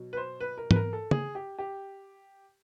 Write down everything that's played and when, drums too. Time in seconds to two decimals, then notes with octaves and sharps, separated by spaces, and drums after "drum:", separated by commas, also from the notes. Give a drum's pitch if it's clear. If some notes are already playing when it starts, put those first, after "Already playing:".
Already playing: B2 F#3
0.13 B4
0.17 C5
0.40 B4
0.58 A#4
0.71 B4, drum: tom G#2
0.76 A#4
0.93 A4
1.11 G#4, drum: tom
1.35 G4
1.59 G4